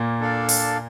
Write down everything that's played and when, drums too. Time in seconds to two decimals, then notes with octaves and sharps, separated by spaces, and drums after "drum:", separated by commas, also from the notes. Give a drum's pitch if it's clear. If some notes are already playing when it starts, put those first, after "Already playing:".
Already playing: A#2 A#3
0.20 D4 A4 D5 F5
0.49 drum: open hi-hat